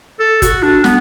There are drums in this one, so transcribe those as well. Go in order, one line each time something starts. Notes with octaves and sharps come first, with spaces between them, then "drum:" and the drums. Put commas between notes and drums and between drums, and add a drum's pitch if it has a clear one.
A4
F#4, drum: kick, hi-hat
D4
B3, drum: snare